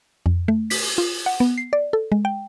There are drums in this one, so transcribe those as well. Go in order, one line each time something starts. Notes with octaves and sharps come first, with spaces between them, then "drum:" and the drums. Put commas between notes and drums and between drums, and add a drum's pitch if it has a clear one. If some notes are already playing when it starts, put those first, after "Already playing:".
F2
A3
B6, drum: open hi-hat
F4
F#5
B3
C7
D5
A4
G#3
G5